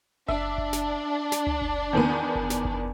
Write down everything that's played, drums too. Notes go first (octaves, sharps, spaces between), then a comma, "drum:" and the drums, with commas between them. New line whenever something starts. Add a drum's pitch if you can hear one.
D4 E5, drum: kick F#1
drum: kick F#1
drum: snare
drum: snare
drum: tom C#2
drum: kick F#1
E2 D#3 B3
drum: kick F#1
drum: snare
drum: kick F#1